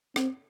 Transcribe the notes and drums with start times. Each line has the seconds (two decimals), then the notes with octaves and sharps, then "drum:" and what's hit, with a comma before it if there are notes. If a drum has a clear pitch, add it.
0.16 C4, drum: rim click